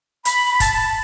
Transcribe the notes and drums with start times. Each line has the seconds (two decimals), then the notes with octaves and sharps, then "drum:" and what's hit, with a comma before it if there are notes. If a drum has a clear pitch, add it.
0.25 B5, drum: hi-hat
0.52 B5
0.60 A5, drum: kick, hi-hat